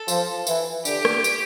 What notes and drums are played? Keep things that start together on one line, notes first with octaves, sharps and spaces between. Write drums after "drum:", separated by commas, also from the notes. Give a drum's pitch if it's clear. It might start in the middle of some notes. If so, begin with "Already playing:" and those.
Already playing: A4
F3, drum: tambourine
E3, drum: tambourine
D3 G4, drum: tambourine
drum: rim click
drum: tambourine